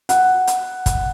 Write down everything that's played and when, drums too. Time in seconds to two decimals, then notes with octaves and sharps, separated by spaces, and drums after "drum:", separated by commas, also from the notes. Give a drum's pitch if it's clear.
0.09 F#5, drum: hi-hat
0.47 drum: hi-hat
0.86 drum: kick, hi-hat